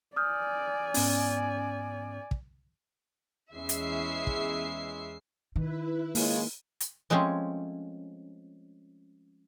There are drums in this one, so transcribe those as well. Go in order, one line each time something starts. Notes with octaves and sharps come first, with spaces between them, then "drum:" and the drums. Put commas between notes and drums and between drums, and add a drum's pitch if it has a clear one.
D5 G#5 D#6 F6 G6
G#2 B3 C#4, drum: open hi-hat
drum: kick
E2 G#3 C#4 E4 E5 C7
drum: hi-hat
drum: kick
D#3 E4 B4
C#3 G#3 A#3 F4, drum: open hi-hat
drum: hi-hat
F3 G#3 A3 C4 C#4